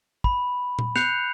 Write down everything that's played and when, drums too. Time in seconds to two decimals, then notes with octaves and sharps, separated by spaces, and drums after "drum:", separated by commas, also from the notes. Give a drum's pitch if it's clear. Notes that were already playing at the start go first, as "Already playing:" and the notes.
0.24 B5, drum: kick
0.79 drum: tom A#2
0.96 F#6 G6 C7 C#7 F7, drum: snare